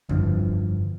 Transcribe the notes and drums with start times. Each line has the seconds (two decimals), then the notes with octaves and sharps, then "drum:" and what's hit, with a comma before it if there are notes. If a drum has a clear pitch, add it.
0.09 G2 D3 E3 F3, drum: kick F2